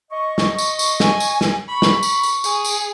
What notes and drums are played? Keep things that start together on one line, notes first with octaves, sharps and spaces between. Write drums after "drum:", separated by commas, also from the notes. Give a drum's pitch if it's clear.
D#5 C#6
drum: snare
drum: tambourine
drum: tambourine
G#5, drum: snare
drum: tambourine
drum: snare
B5 C#6
drum: snare
drum: tambourine
drum: tambourine
G#4, drum: tambourine
drum: tambourine